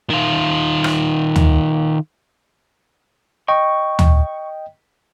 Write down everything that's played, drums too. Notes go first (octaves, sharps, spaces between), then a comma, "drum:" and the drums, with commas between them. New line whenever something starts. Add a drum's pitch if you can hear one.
D#3 F4
drum: rim click
drum: tom
D#5 G5 C#6
drum: tom